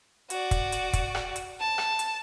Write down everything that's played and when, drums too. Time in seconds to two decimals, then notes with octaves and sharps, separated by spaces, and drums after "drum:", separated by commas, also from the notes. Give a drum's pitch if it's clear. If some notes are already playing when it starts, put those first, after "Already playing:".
0.30 F#4 D5, drum: hi-hat
0.51 drum: kick, hi-hat
0.72 drum: hi-hat
0.93 drum: kick, hi-hat
1.15 drum: rim click
1.36 drum: hi-hat
1.60 A5
1.78 drum: rim click
1.99 drum: hi-hat